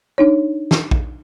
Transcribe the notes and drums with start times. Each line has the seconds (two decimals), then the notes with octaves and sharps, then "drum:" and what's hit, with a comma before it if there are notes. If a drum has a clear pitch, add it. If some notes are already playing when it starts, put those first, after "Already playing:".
0.18 D4 D#4 C#5
0.71 drum: snare
0.91 drum: kick A#1